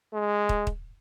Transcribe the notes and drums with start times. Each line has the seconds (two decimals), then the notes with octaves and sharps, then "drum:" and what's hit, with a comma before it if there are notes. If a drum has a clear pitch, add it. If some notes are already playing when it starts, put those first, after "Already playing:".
0.14 G#3
0.49 drum: kick
0.67 drum: kick